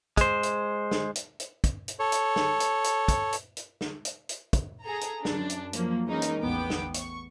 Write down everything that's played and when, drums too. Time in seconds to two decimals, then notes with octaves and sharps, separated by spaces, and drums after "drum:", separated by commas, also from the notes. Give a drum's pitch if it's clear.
0.17 G#3 C5, drum: kick, hi-hat
0.43 drum: hi-hat
0.91 drum: snare
1.16 drum: hi-hat
1.40 drum: hi-hat
1.64 drum: kick, hi-hat
1.88 drum: hi-hat
1.99 A4 C#5
2.12 drum: hi-hat
2.36 drum: snare
2.60 drum: hi-hat
2.84 drum: hi-hat
3.08 drum: kick, hi-hat
3.33 drum: hi-hat
3.57 drum: hi-hat
3.81 drum: snare
4.05 drum: hi-hat
4.29 drum: hi-hat
4.53 drum: kick, hi-hat
4.82 G#4 A4 A#5
5.01 drum: hi-hat
5.25 F#2 D4, drum: snare
5.50 drum: hi-hat
5.73 F3 F#3 A#3, drum: hi-hat
6.06 E3 G#3 A#3 C#4 D#4 A#4
6.22 drum: hi-hat
6.42 A1 E2 B3 G5 D6
6.70 drum: snare
6.94 C#6, drum: hi-hat